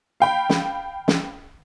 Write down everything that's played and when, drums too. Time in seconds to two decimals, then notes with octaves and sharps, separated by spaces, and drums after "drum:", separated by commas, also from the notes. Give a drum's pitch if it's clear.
0.20 F5 G5 B5
0.49 drum: snare
1.08 drum: snare